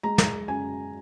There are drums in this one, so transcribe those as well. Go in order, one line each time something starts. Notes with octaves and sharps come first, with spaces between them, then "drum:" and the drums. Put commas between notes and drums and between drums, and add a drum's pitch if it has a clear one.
G#3 A#5
drum: snare
F#2 G#5